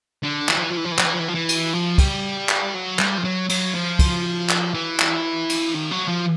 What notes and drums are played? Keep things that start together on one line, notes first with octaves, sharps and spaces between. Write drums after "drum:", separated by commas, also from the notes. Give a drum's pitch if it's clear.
D3
E3, drum: clap
F3
E3
F3
E3
F3
E3
F3, drum: clap
E3
F3
E3
F3
E3
drum: cymbal
F3
G3, drum: kick, cymbal
drum: clap
F#3
G3, drum: clap
F3
F#3
F#3, drum: cymbal
F3
drum: kick, cymbal
drum: clap
E3
drum: clap
drum: cymbal
D#3
F#3
F3